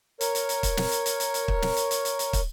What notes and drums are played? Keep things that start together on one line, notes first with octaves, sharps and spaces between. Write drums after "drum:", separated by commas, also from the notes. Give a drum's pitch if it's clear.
A#4 C#5, drum: hi-hat
drum: hi-hat
drum: hi-hat
drum: kick, hi-hat
drum: snare
drum: hi-hat
drum: hi-hat
drum: hi-hat
drum: hi-hat
drum: kick
drum: snare
drum: hi-hat
drum: hi-hat
drum: hi-hat
drum: hi-hat
drum: kick, hi-hat